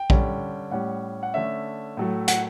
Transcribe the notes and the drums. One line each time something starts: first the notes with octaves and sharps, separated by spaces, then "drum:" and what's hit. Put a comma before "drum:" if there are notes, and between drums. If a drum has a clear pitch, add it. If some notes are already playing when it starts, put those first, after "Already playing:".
Already playing: G5
D3 G3 C#4, drum: kick A#1
A2 G3 C#4 F#5
F#5
D3 A3 C#4 E5
A2 F#3 A3
F#5, drum: hi-hat